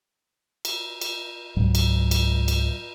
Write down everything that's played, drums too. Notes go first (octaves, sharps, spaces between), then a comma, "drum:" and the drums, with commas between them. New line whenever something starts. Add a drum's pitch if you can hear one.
drum: cymbal
drum: cymbal
C#2 G#2 F#3
drum: cymbal
drum: cymbal
drum: cymbal